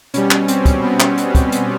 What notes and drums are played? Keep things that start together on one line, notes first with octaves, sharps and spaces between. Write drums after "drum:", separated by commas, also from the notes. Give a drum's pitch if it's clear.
B2 G3 C#4, drum: hi-hat
drum: clap
C4, drum: hi-hat
drum: kick, hi-hat
B3
drum: clap
drum: hi-hat
drum: kick, hi-hat
drum: hi-hat